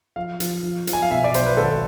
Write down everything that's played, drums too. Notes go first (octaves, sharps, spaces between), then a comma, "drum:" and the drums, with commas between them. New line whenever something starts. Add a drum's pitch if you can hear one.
F3 F5
F3, drum: hi-hat
F3
F3, drum: hi-hat
G#5
F5
B2 E5
D5
B1 C5, drum: hi-hat
B4
G#1 A4